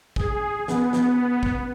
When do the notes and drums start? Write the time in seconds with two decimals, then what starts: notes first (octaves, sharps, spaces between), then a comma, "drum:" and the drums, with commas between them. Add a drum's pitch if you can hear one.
0.16 G#4, drum: kick
0.68 B3, drum: snare
0.93 drum: snare
1.43 drum: kick